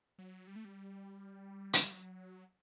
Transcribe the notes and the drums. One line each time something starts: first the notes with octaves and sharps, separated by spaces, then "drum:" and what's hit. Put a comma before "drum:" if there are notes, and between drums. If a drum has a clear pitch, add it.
F#3
G3
A3
G3
drum: hi-hat
G3
F#3